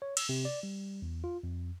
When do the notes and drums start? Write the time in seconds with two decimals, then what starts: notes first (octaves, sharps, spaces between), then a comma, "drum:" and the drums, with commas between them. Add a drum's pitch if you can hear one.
0.02 C#5
0.17 E6, drum: cymbal
0.29 C3
0.45 D5
0.63 G3
1.02 E2
1.24 F4
1.43 F2